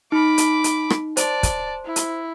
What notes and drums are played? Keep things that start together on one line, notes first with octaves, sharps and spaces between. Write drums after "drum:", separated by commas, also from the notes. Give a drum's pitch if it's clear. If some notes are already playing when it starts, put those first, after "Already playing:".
D#4 B5 D6
drum: hi-hat
drum: hi-hat
drum: rim click
C5 D5 A5, drum: hi-hat
drum: kick, hi-hat
E4
drum: hi-hat